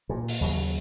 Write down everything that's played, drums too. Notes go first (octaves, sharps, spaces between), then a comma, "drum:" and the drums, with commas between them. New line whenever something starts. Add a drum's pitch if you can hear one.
A#2
drum: open hi-hat
D#2 C#3 F#3